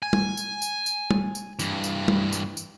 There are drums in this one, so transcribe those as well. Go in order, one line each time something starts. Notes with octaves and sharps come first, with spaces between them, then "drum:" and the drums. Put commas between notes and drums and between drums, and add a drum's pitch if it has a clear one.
G#5
drum: tom
drum: tambourine
drum: tambourine
drum: tambourine
drum: tom
drum: tambourine
G2 E3, drum: tambourine
drum: tambourine
drum: tom
drum: tambourine
drum: tambourine